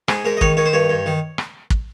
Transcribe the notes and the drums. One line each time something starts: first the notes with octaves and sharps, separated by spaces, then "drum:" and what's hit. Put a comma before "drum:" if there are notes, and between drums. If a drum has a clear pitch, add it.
G#2 G#4, drum: rim click
G#2 A#4
D#5
D#3 C#5, drum: kick
D#3 C#5
C5
G2 C#5
G2
D#3
drum: rim click
drum: kick